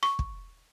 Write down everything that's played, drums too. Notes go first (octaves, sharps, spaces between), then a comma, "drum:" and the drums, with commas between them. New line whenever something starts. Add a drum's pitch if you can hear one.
C#6, drum: rim click
drum: kick